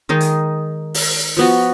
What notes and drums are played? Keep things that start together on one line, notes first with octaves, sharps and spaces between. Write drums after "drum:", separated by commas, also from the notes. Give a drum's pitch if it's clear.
D#3 G#3 D#4
drum: hi-hat
drum: open hi-hat
F3 B3 F#4